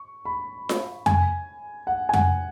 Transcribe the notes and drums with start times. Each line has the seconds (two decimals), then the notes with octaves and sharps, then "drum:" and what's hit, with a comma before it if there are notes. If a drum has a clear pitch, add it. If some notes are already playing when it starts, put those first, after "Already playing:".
Already playing: C#6
0.25 B5
0.69 drum: snare F4
1.06 G#5, drum: tom F2
1.87 F#5
2.09 G#5
2.13 F#5, drum: tom F2